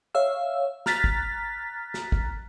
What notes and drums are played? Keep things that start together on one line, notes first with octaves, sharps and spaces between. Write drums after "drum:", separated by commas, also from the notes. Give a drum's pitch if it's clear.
C#5 E5 F5 E6
A#5 F6 F#6 A6 B6, drum: snare
drum: kick
drum: snare
drum: kick